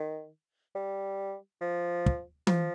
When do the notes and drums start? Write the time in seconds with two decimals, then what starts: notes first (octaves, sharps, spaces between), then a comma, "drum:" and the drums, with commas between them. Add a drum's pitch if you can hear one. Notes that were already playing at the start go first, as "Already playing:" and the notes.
Already playing: D#3
0.75 G3
1.61 F3
2.06 drum: kick
2.47 F3, drum: tom E3